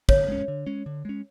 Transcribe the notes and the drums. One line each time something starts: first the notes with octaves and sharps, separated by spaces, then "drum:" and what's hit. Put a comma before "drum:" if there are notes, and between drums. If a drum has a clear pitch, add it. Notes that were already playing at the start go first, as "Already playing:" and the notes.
D3 C#5, drum: kick
G#3 C#4
D3
G#3 C#4
D3
G#3 C#4